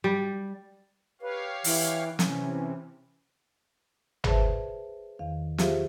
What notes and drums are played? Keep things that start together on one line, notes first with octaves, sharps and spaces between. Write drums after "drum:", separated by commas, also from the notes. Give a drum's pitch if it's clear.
G3
G4 B4 C#5 F5
E3, drum: open hi-hat
C3 E3 C#4, drum: snare
G#4 B4 C5 D5 E5 A5, drum: tom
E2 D#3 F5
F4 G4 G#4 C5 E5 F5, drum: snare